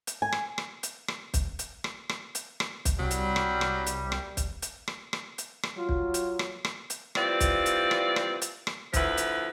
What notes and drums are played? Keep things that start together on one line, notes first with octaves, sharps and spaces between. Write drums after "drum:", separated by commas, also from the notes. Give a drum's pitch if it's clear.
drum: hi-hat
G#5
drum: rim click
drum: rim click
drum: hi-hat
drum: rim click
drum: kick, hi-hat
drum: hi-hat
drum: rim click
drum: rim click
drum: hi-hat
drum: rim click
drum: kick, hi-hat
C2 F#3 G3
drum: hi-hat
drum: rim click
drum: rim click
drum: hi-hat
drum: rim click
drum: kick, hi-hat
drum: hi-hat
drum: rim click
drum: rim click
drum: hi-hat
drum: rim click
F#3 F4
drum: kick
drum: hi-hat
drum: rim click
drum: rim click
drum: hi-hat
E3 G3 C4 F4 D5, drum: rim click
drum: kick, hi-hat
drum: hi-hat
drum: rim click
drum: rim click
drum: hi-hat
drum: rim click
D2 F3 E4 B4, drum: kick, hi-hat
drum: hi-hat